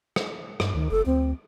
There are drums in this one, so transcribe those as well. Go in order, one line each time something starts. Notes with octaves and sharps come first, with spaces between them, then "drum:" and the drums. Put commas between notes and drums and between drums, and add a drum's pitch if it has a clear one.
drum: rim click
G2, drum: rim click
D2 D#3
F#1 A4
D2 C4